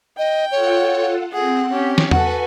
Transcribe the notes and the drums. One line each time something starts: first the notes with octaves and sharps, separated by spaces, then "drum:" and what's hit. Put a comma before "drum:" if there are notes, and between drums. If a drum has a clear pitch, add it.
D#5 G5
F4 A4 C#5 F#5
C4 G#4 F#5
C#4 G4
drum: snare
F#4 A4 B4 F#5 G#5, drum: tom E2